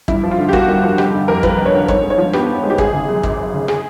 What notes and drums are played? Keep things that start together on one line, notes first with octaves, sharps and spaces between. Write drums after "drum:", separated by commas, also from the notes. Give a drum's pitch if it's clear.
G2 E4, drum: kick
F3
F4
D3
G4
A#3 F#4, drum: kick
G2
F3
F1 G4, drum: rim click
D3
F2 A#4
F3 B4, drum: kick
F1
C#5
D3
G#2 C#5, drum: kick
G#3
C#5
F3
B3 G4, drum: rim click
G#2
G#3
G4
G#1 G#4, drum: kick
C#3
F#2
G#1, drum: kick
G#1
C#3
G#4, drum: rim click